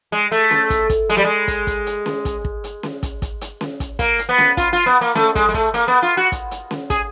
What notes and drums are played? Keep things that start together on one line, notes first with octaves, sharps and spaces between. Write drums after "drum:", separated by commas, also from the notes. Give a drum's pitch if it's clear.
G#3
A3
drum: snare C#4
drum: kick, hi-hat
drum: kick, hi-hat
G#3, drum: hi-hat
G3
G#3
drum: kick, hi-hat
drum: kick, hi-hat
drum: hi-hat
drum: snare C#4
drum: kick, hi-hat
drum: kick
drum: hi-hat
drum: snare C#4
drum: kick, hi-hat
drum: kick, hi-hat
drum: hi-hat
drum: snare C#4
drum: kick, hi-hat
A#3, drum: kick, hi-hat
drum: hi-hat
B3
drum: snare C#4
F4, drum: kick, hi-hat
F4
B3
A#3
A3, drum: snare C#4
G#3, drum: kick, hi-hat
G#3
A3, drum: kick, hi-hat
A#3, drum: hi-hat
B3
F4
F#4
drum: kick, hi-hat
drum: hi-hat
drum: snare C#4
G#4, drum: kick, hi-hat